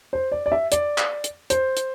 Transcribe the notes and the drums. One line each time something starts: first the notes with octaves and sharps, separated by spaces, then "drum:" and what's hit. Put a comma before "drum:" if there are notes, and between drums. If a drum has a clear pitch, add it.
C5
D5
D5
E5
D5, drum: hi-hat
drum: clap
drum: hi-hat
C5, drum: hi-hat
drum: hi-hat